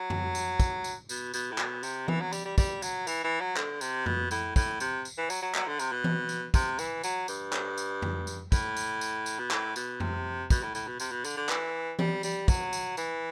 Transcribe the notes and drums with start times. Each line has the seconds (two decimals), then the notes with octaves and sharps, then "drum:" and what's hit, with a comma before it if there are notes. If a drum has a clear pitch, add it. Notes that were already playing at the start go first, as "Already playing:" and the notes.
Already playing: F#3
0.10 drum: tom F2
0.35 drum: tambourine
0.60 drum: kick, tambourine
0.84 drum: tambourine
1.09 B2, drum: tambourine
1.34 B2, drum: tambourine
1.51 A2
1.58 B2, drum: clap
1.83 C3, drum: tambourine
2.08 E3, drum: tom E3
2.21 F#3
2.33 G3, drum: tambourine
2.45 G3
2.58 G3, drum: kick, tambourine
2.82 F#3, drum: tambourine
3.07 E3, drum: tambourine
3.24 E3
3.40 F#3
3.57 D3, drum: clap
3.81 C3, drum: tambourine
4.06 B2, drum: tom F2
4.31 A2, drum: tambourine
4.56 A2, drum: kick, tambourine
4.80 C3, drum: tambourine
5.05 drum: tambourine
5.18 E3
5.30 F#3, drum: tambourine
5.42 F#3
5.55 F#3, drum: clap
5.67 D3
5.79 C3, drum: tambourine
5.92 B2
6.04 drum: tom E3
6.29 drum: tambourine
6.54 C3, drum: kick, tambourine
6.79 E3, drum: tambourine
7.03 F#3, drum: tambourine
7.28 G2, drum: tambourine
7.53 drum: clap
7.78 drum: tambourine
8.02 drum: tom F2
8.27 drum: tambourine
8.52 A2, drum: kick, tambourine
8.77 drum: tambourine
9.01 drum: tambourine
9.26 drum: tambourine
9.39 B2
9.51 A2, drum: clap
9.76 B2, drum: tambourine
10.00 C3, drum: tom F2
10.50 B2, drum: kick, tambourine
10.62 A2
10.75 A2, drum: tambourine
10.87 B2
11.00 C3, drum: tambourine
11.11 B2
11.24 D3, drum: tambourine
11.37 D3
11.49 E3, drum: clap
11.99 G3, drum: tom E3
12.23 G3, drum: tambourine
12.48 F#3, drum: kick, tambourine
12.73 drum: tambourine
12.97 E3, drum: tambourine